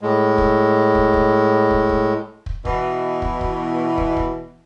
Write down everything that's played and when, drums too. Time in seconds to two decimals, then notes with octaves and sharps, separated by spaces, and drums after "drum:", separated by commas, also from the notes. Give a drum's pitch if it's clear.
0.01 A2 G#3
0.38 drum: kick
0.95 drum: kick
1.14 drum: kick
1.71 drum: kick
1.89 drum: kick
2.46 drum: kick
2.65 B2 E3, drum: kick
3.22 drum: kick
3.41 drum: kick
3.98 drum: kick
4.17 drum: kick